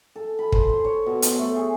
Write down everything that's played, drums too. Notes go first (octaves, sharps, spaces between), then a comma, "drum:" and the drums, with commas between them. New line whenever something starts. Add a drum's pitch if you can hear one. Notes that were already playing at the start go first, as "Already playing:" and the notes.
A4
B5
C5, drum: kick
C6
C#5
B2
C6, drum: hi-hat
A3
G#4